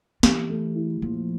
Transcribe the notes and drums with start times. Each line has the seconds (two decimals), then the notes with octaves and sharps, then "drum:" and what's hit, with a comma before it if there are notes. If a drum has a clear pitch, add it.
0.23 E3 G4, drum: snare
0.50 A3
0.75 E4
1.02 A#2 F3